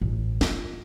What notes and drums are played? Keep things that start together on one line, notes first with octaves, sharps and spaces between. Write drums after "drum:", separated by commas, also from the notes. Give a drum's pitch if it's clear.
A1
F4, drum: snare